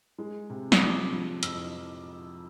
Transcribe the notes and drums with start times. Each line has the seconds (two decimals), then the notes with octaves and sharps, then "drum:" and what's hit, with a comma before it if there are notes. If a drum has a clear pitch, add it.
0.18 G#3
0.50 C3
0.72 D#6, drum: snare
0.80 F3 D6
1.12 F3
1.43 F2 E6, drum: hi-hat